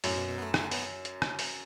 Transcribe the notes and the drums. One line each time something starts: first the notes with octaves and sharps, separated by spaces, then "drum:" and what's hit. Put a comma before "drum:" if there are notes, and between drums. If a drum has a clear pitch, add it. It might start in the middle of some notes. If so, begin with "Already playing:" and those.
F#2 A2, drum: open hi-hat
B2
B2
B3
A3
A3, drum: rim click
B3, drum: open hi-hat
drum: hi-hat
drum: rim click
drum: open hi-hat